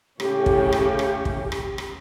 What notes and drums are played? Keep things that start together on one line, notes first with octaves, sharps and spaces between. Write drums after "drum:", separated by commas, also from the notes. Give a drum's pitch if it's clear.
A2 C#3 C#4 G4, drum: rim click
drum: kick
drum: rim click
drum: rim click
drum: kick
drum: rim click
drum: rim click